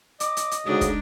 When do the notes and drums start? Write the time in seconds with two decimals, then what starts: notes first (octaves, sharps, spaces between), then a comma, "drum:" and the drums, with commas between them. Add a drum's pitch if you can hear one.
0.20 D#5 D6, drum: hi-hat
0.37 drum: hi-hat
0.51 drum: hi-hat
0.66 D2 C#3 G#3 D4 D#4 F#4 D#6
0.81 drum: kick, hi-hat